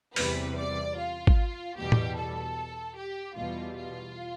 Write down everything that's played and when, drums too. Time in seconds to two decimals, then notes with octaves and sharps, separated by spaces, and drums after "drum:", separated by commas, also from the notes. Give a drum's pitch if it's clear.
0.16 E2 C3 E3 G3 B4, drum: open hi-hat
0.56 D5
0.96 F4
1.27 drum: kick G#1
1.77 E2 B2 G3 G4
1.92 drum: tom
2.16 A4
2.97 G4
3.36 E2 B2 G3 F4
3.76 F4